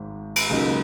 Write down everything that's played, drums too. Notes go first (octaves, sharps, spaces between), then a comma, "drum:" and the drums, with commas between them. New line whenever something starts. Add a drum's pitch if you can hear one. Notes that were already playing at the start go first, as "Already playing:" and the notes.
Already playing: G#1 G#2
drum: cymbal
C#2 C#3 F#3 A#3 D#4